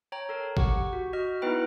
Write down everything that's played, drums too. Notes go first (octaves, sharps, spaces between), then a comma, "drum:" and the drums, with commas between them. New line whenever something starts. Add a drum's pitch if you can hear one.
C#5 G5 A#5
A4 A#4
G4 F#5 C#6, drum: kick G#1
F#4
F#4 D#5 F6
B3 D#4 E4 B4 G5 B5